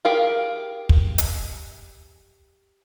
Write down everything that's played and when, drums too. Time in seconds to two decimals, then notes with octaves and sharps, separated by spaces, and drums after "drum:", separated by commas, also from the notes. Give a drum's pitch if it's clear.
0.05 G4 G#4 A#4 F5 G5
0.89 drum: kick
1.18 drum: hi-hat